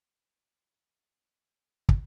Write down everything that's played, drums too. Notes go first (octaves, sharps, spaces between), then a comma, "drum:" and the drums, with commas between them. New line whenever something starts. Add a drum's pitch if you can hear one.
E4 F4
D#4 G#4 A#4 B4 C#5 D5
C#3 F#3 G3 C#4 A#4
G#2 C3 G4 A#4
E2 A#3 C#4 D4
drum: kick